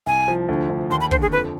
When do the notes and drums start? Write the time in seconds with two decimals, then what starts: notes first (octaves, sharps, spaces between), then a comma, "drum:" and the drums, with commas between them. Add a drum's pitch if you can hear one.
0.06 C2 G#5
0.28 F3
0.48 D2
0.69 D2
0.90 D#2 C6
1.01 B5
1.11 D3 C5, drum: kick
1.22 G#4
1.32 F2 B4